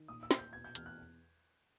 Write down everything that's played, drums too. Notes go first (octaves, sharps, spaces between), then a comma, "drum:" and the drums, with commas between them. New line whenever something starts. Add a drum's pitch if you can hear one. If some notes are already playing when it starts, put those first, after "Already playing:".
Already playing: D#3
A#2 D#6
E6
A#2, drum: snare
G6
B2 G#6
G6
E2 F6, drum: hi-hat
F#6